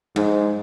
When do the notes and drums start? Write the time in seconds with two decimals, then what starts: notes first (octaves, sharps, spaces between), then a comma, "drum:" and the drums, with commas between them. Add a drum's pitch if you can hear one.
0.16 G#2, drum: tom F#3